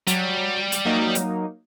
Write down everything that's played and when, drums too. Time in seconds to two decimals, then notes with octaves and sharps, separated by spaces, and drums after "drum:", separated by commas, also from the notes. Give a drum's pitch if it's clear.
0.07 F#3 G3, drum: hi-hat
0.72 drum: hi-hat
0.85 F#3 A#3 D#4
1.15 drum: hi-hat